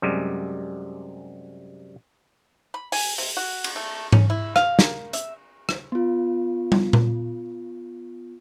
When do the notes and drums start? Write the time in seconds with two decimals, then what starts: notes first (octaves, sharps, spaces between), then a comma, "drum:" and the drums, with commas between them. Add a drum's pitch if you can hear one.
0.02 F#2 C3 G3 G#3
2.74 B5
2.92 G#5, drum: open hi-hat
3.18 C3, drum: open hi-hat
3.37 F#4
3.64 drum: cymbal
3.76 A3
4.12 C#4, drum: tom G#2
4.30 E4
4.56 F5, drum: rim click
4.79 A#3, drum: snare
5.13 E5, drum: hi-hat
5.69 drum: rim click
5.92 B3 F4
6.72 drum: tom
6.93 drum: tom A#2